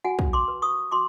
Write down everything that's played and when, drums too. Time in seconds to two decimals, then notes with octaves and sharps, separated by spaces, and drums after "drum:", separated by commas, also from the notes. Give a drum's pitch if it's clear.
0.05 F#4 F#5 G#5
0.19 drum: kick
0.33 C6 D6
0.48 B4
0.62 C#6 D#6
0.91 F#4 C6 D6